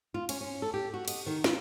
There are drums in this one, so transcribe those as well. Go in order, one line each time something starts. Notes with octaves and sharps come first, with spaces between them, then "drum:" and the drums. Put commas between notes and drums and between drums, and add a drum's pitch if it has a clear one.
F4
C#4, drum: cymbal
C#4
A4
G4
F#4
D#5, drum: cymbal
D#3
F4, drum: snare